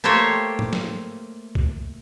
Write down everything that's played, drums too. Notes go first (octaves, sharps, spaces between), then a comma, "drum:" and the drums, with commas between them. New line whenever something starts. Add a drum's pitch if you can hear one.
A3 A#3 G4 C5 C#5
drum: tom G#2
drum: snare
drum: kick C2